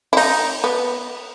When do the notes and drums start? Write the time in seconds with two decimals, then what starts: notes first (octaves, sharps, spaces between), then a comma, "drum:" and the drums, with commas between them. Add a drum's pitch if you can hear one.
0.13 E4
0.17 D#4, drum: open hi-hat
0.64 B3